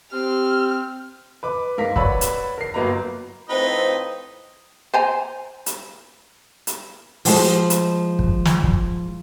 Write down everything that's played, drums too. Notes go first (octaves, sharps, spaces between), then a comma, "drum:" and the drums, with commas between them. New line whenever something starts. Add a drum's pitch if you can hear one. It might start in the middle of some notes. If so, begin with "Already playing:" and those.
C4 G4 F6
B4 D6
G#2 A#4 F5 B6
B4 C#5 D5 F#5 B5 E6, drum: kick
drum: hi-hat
A#4 C7
G1 F#3 A#3 B4 A#5
A2 F3 C4 D#4 B4 B5
C5 G#5 A#5
drum: hi-hat
drum: hi-hat
F3 G#3, drum: open hi-hat
drum: hi-hat
drum: kick
drum: snare
drum: kick